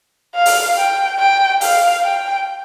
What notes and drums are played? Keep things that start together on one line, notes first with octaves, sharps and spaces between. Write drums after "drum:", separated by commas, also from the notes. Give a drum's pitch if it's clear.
F5
drum: open hi-hat
G5
G5
F5, drum: open hi-hat
G5